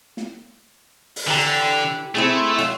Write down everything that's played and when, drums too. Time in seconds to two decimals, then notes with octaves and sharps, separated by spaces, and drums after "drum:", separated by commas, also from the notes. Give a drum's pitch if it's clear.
0.17 drum: snare
1.16 drum: open hi-hat
1.27 D3 E3 G4 A#5
2.15 A3 C4 E4 G#4
2.58 F#3 F4, drum: cymbal